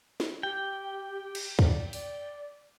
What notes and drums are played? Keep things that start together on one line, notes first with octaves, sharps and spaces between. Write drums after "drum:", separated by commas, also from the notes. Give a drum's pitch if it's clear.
drum: snare
G4 G5
drum: cymbal
D5, drum: kick
D5, drum: open hi-hat